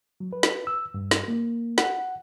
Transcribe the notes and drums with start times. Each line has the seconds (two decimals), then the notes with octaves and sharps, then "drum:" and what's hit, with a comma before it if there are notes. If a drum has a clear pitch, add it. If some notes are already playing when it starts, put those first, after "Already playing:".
0.20 F#3
0.33 B4
0.43 drum: snare
0.67 E6
0.94 G2
1.11 drum: snare
1.28 A#3
1.78 F#5, drum: snare